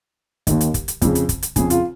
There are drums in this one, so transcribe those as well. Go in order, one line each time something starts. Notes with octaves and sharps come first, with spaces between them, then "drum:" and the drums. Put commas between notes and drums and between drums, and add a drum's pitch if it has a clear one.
D#2 D#3, drum: kick, hi-hat
drum: hi-hat
drum: kick, hi-hat
drum: hi-hat
F2 C#3, drum: kick, hi-hat
drum: hi-hat
drum: kick, hi-hat
drum: hi-hat
F2 C#3 G#4, drum: kick, hi-hat
F4, drum: hi-hat